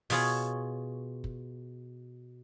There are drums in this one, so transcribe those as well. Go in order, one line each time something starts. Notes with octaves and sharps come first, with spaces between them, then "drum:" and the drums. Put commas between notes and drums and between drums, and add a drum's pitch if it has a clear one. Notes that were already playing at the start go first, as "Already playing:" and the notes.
B2 F4 G#4 C#5, drum: open hi-hat
drum: kick